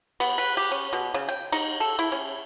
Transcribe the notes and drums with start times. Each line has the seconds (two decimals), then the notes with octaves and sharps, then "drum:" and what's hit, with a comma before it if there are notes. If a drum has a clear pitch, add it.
0.20 B3, drum: cymbal
0.38 B4
0.57 G4
0.71 C#4
0.93 B2
1.14 C#3
1.29 G5
1.52 D#4, drum: cymbal
1.80 A4
1.99 E4
2.12 C#4